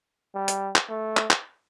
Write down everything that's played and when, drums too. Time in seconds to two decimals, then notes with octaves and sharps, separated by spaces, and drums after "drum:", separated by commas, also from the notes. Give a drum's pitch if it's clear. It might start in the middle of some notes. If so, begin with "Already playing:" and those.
0.35 G3
0.48 drum: hi-hat
0.76 drum: clap
0.89 A3
1.17 drum: clap
1.30 drum: clap